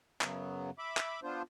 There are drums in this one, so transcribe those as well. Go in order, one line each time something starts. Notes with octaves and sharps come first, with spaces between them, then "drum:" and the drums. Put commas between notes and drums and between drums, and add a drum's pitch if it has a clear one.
F#2 C#3 F#3 B3, drum: clap
E5 B5 D6
drum: clap
B3 D4 F4 C5